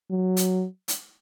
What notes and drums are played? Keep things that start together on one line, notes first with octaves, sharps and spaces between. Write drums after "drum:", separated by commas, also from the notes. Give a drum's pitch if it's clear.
F#3
drum: hi-hat
drum: hi-hat